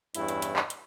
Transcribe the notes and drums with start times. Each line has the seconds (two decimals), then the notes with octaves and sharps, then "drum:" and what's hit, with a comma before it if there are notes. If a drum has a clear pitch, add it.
0.15 E2 G2 C#4 E4, drum: hi-hat
0.28 drum: hi-hat
0.42 drum: hi-hat
0.56 drum: clap
0.70 drum: hi-hat